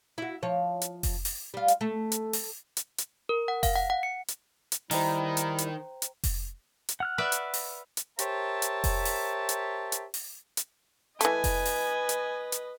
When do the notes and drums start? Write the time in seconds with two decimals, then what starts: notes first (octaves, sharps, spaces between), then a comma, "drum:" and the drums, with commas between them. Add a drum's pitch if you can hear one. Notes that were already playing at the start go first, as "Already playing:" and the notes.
0.18 E4 F#4
0.43 F3 C#5
0.82 drum: hi-hat
1.03 drum: kick F1, open hi-hat
1.25 drum: open hi-hat
1.54 G3 F4
1.68 drum: hi-hat
1.81 A3
2.12 drum: hi-hat
2.33 drum: open hi-hat
2.77 drum: hi-hat
2.98 drum: hi-hat
3.29 A#4
3.48 F#5
3.63 F5, drum: kick F1, open hi-hat
3.76 F#5
3.90 F#5
4.03 C#7
4.28 drum: hi-hat
4.72 drum: hi-hat
4.91 D#3 G3 D#4 E4 B4 C5 G5 A#5, drum: open hi-hat
5.37 drum: hi-hat
5.58 drum: hi-hat
6.02 drum: hi-hat
6.24 drum: kick F1, open hi-hat
6.89 drum: hi-hat
7.00 F#5 F6 F#6
7.18 B4 D5 E5
7.32 drum: hi-hat
7.54 drum: open hi-hat
7.97 drum: hi-hat
8.19 G4 A#4 C5 C#5 E5 A5, drum: hi-hat
8.62 drum: hi-hat
8.84 drum: kick F1, open hi-hat
9.05 drum: open hi-hat
9.49 drum: hi-hat
9.92 drum: hi-hat
10.14 drum: open hi-hat
10.57 drum: hi-hat
11.21 E3 A3 B4 D#5 G#5, drum: hi-hat
11.44 drum: kick F1, open hi-hat
11.66 drum: open hi-hat
12.09 drum: hi-hat
12.52 drum: hi-hat